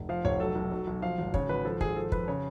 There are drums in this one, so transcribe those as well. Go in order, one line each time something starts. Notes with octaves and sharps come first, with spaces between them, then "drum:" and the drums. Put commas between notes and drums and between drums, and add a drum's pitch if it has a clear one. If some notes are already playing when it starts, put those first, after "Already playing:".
Already playing: F1
F3 F5
F1 C#5
F#3 A4
B1
F#3
B1
F3 F5
G#1
C#3 C#5, drum: kick
G#1 B4
F3 A4
G#1 G#4, drum: kick
F3 A4
F2 B4, drum: kick
C#3 C#5